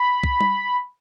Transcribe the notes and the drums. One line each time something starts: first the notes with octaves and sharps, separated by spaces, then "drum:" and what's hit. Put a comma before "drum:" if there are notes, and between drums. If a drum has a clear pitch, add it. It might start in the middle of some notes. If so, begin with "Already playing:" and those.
Already playing: B5
drum: kick
drum: tom G3